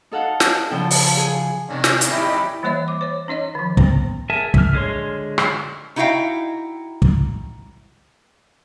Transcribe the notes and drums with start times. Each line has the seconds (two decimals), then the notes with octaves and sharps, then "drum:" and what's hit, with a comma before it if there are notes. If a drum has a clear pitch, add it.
0.11 D#4 A4 F5 F#5
0.40 drum: snare
0.71 C#3 F3 D4 A4 G5
0.91 drum: open hi-hat
1.17 G#4
1.69 C3 D#3 C#4 D4
1.84 drum: snare
2.01 drum: hi-hat
2.12 E4 G4 D#5 E5 G5 B5
2.63 E3 G3 A#3 C5 C#5 E5
2.88 D6
3.01 C5 C#5
3.28 C#4 D#4 C#5 D#5
3.55 D#3 F3
3.77 B3 C#4 C5, drum: kick
4.30 G#4 A#4 E5 G#5 A5
4.54 E5 F6, drum: kick
4.73 D3 G#3 G#4 C#5 C6
5.38 drum: rim click
5.96 D#4 E4 F#4 E5 F5 G5
7.02 drum: kick